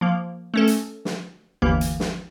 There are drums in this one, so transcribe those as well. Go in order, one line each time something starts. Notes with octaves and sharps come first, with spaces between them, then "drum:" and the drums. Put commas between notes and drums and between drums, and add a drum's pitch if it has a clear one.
F3 A#3
A3 C#4 A4
drum: hi-hat
drum: snare
G1 D#2 E3 A#3
drum: hi-hat
drum: snare